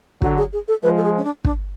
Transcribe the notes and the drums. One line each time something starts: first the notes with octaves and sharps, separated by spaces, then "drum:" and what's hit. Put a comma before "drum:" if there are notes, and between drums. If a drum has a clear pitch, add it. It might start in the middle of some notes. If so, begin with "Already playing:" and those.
D3 F#3 F#4, drum: kick
G#4
G#4
A4
F3 G#3 B4
A4
G#4
C#4
D4
D4, drum: kick